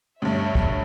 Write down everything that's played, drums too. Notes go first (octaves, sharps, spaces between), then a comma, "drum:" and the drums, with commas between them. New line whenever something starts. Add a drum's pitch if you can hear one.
D2 G2 C#5 E5
drum: kick